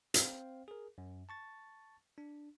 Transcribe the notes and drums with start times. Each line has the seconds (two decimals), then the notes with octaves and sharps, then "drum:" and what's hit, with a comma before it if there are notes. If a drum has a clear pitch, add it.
0.14 C4 C5 F5 G5, drum: hi-hat
0.68 G#4 A#4
0.98 F#2
1.29 A5 C#6 A6
2.18 D4